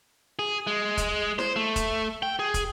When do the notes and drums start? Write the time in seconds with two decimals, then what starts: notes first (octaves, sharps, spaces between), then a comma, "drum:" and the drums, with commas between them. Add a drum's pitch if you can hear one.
0.39 G#4
0.67 G#3
0.97 drum: kick, hi-hat
1.39 C5, drum: snare
1.56 A3
1.76 drum: kick, hi-hat
2.23 G5
2.39 G#4
2.54 drum: kick, hi-hat